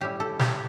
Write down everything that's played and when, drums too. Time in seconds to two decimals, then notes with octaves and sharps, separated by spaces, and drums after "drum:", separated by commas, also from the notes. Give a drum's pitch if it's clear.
0.01 A2 G3 C#4 E4 G4
0.20 A4
0.39 G4, drum: snare